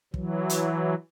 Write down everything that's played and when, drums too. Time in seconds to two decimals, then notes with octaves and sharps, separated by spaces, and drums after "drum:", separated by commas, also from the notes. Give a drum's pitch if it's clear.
0.14 E3 F#3, drum: kick
0.50 drum: hi-hat